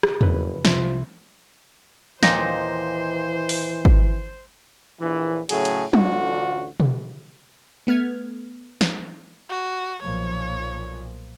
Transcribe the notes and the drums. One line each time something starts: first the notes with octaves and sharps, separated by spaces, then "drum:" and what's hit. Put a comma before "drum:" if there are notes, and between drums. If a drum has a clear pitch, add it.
drum: rim click
F#1 F2 C#3 B4, drum: tom E2
C2 F3 E5 C6, drum: snare
D#2 A#2 E3 D#4 C5 A#6, drum: snare
drum: open hi-hat
drum: kick
A#1 E3
A2 C#3 F#3 A3 G#4, drum: cymbal
drum: hi-hat
A1 D2 D3 F4 F#4, drum: tom F#3
drum: tom B2
A3 B3 F6 G#6
drum: snare
F#4
B1 A#2 F3 C#5